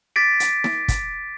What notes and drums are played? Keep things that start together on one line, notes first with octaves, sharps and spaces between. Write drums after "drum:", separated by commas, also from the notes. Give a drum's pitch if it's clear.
D6 A6 B6 D7
drum: hi-hat
drum: snare
drum: kick, hi-hat